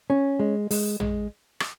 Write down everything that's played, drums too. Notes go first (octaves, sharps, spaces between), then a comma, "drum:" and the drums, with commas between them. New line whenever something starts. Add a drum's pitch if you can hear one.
C#4
G#3
G#3, drum: open hi-hat
G#3, drum: tom
drum: rim click